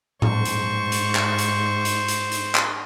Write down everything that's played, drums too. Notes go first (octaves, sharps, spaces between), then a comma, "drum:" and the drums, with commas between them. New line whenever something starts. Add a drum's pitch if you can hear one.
G#2 C5 C#6, drum: tom A2
drum: hi-hat
drum: hi-hat
drum: clap
drum: hi-hat
drum: hi-hat
drum: hi-hat
drum: hi-hat
drum: clap